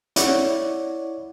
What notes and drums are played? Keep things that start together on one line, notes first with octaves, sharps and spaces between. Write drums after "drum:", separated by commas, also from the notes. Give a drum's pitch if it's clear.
E4 C#5 D5 F#5, drum: hi-hat